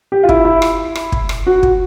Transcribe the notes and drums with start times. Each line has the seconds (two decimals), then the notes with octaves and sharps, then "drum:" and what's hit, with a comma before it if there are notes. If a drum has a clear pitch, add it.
0.12 G4
0.23 F4
0.29 E4, drum: kick
0.45 E4
0.62 drum: rim click
0.95 drum: rim click
1.12 drum: kick
1.29 drum: rim click
1.47 F#4
1.63 drum: kick